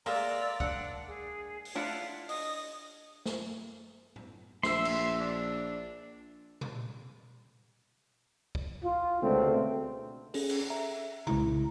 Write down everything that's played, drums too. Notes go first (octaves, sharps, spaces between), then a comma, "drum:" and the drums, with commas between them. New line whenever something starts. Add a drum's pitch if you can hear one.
G#3 A#3 D5 E5 A#5 E6, drum: open hi-hat
D4 F#5, drum: kick
G#4
drum: open hi-hat
D4 E4 F4 F#5
D#5 D#6, drum: open hi-hat
drum: snare
drum: tom
A#1 E5 C6 E6, drum: snare
drum: cymbal
D4
drum: tom A#2
drum: kick
F4
C#2 B2 D3 G#3 A3 C4
C#4 G#4 A4, drum: open hi-hat
drum: cymbal
E5 A#5
C2 C#3 G#3 E4 A#5, drum: tom A#2